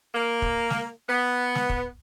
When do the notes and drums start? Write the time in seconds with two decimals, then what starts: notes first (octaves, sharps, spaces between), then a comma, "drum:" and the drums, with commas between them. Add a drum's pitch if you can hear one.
0.14 A#3
0.42 drum: kick
0.70 drum: snare
1.09 B3
1.55 drum: snare
1.69 drum: kick